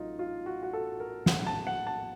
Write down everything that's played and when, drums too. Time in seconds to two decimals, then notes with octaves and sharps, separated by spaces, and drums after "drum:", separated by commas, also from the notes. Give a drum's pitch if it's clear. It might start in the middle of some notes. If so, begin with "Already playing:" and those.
Already playing: A1 A2 F#3 A3 D#4 F4
0.19 F4
0.46 F#4
0.63 F#4
0.73 A4
1.00 A#4
1.26 A#1 A2 F#3 F#5, drum: snare
1.39 F#5
1.47 A5
1.67 F#5
1.87 A5